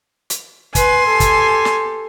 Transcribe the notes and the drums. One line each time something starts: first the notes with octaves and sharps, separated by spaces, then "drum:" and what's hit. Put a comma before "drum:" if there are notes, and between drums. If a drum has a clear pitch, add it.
drum: hi-hat
B4 G#5 C6, drum: kick, hi-hat
G4 A4
drum: kick, hi-hat
drum: snare